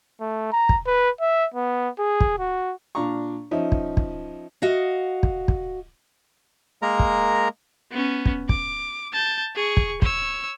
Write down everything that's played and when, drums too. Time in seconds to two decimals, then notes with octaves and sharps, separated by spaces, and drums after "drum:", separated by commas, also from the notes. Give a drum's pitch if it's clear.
0.21 A3
0.53 A#5
0.69 drum: kick
0.86 B4
1.21 E5
1.54 B3
1.99 G#4
2.20 drum: kick
2.39 F#4
2.95 A#2 D4 F5 A#5 C#6
3.51 F3 C#4 D#4 E5
3.72 drum: kick
3.97 drum: kick
4.62 F#4 D#5 F5
5.23 drum: kick
5.48 drum: kick
6.82 G#3 A#3 A#4 A#5
6.99 drum: kick
7.92 B3 C#4
8.25 drum: kick
8.49 D6, drum: kick
9.13 A5 G6
9.55 G#4 C#6
9.77 drum: kick
10.02 C#5 E6, drum: kick